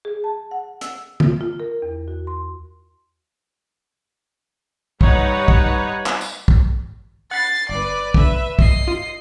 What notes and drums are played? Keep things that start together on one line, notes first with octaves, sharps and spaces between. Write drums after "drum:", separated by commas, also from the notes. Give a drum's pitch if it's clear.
G#4
A5
F#5
E6, drum: hi-hat
F4, drum: tom D3
F4
A#4
E2
F#4
C6
G3 D#4 B4 C#5 F#5, drum: kick
drum: kick
drum: clap
drum: tambourine
drum: kick
F#5 B5 A6 C7
G1 B4 D5
D3 B4 E5, drum: kick
D#5 C7, drum: kick
F4